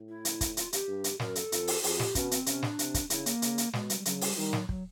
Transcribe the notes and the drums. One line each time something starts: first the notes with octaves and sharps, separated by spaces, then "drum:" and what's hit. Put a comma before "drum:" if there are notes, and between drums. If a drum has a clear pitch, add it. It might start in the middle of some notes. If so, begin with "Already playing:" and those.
Already playing: A2
E4
drum: hi-hat
drum: kick, hi-hat
F4, drum: hi-hat
G4, drum: hi-hat
G2
drum: hi-hat
F#2 A#4, drum: snare
A4, drum: hi-hat
F2, drum: hi-hat
drum: open hi-hat
F2 G#4, drum: open hi-hat
G4, drum: snare
B2 C#4, drum: kick, hi-hat
C4, drum: hi-hat
C3 C#4, drum: hi-hat
D4, drum: snare
C3, drum: hi-hat
drum: kick, hi-hat
C#3 E4, drum: hi-hat
A#3, drum: hi-hat
C#3, drum: hi-hat
drum: hi-hat
B2 G#3, drum: snare
G3, drum: hi-hat
G3
C#3 F#3, drum: hi-hat
G3, drum: open hi-hat
D#3 G3
F#3, drum: snare
F#3, drum: kick